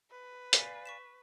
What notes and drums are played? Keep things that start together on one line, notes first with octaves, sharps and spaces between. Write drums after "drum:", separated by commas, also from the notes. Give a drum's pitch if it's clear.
B4
D5 F5 G#5 B6 C7, drum: hi-hat
C#6 B6 E7